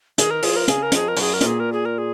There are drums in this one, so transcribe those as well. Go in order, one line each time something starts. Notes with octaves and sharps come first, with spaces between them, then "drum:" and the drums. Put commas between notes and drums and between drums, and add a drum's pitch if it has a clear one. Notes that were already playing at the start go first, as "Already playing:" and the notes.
D#3 G#4, drum: hi-hat
A#4
F3 G#4, drum: open hi-hat
A#4
C#3 G#4, drum: hi-hat
A#4
F2 G#4, drum: hi-hat
A#4
F#2 G#4, drum: open hi-hat
A#4
A#2, drum: hi-hat
G#4
A#4
G#4
A#4
G#4